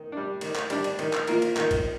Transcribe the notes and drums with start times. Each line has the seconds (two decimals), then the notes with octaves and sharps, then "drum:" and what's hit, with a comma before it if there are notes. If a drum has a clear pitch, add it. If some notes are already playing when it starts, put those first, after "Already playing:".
Already playing: D#3
0.12 G3 D4
0.41 D#3, drum: cymbal
0.55 drum: clap
0.70 G3 D4, drum: cymbal
0.84 drum: cymbal
0.99 D#3, drum: cymbal
1.13 drum: clap
1.28 A#3 F4 A#4, drum: cymbal
1.42 drum: cymbal
1.57 D#3, drum: clap
1.71 drum: kick G#1, cymbal